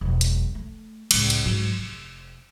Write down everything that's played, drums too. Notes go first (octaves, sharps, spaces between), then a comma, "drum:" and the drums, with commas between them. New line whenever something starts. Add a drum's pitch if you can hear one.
E1 F#2
drum: hi-hat
A3
C#2 A2, drum: cymbal
drum: hi-hat
G#2 F#3
F1